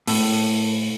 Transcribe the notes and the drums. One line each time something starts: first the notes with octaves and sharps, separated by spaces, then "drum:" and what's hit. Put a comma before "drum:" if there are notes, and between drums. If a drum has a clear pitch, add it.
A2, drum: open hi-hat